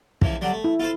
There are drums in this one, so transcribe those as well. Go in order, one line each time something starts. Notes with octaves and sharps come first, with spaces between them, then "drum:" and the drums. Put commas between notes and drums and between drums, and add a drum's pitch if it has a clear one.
C#2 E3 F3, drum: kick
D3 F#3 G3
A3
E4
F4 A4 C5